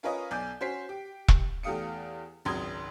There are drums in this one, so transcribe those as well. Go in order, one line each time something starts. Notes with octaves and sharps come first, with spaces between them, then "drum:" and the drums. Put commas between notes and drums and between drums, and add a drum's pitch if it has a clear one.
C#4 F4 A#4 B4 C#5 D#5
B1 D5 G#5 G6
C#4 F#4 C5 B6 C7
G4
drum: kick E1
E2 A3 G4 F5 D#6 C#7
G#1 C#2 F#3 C6 D#6 G#6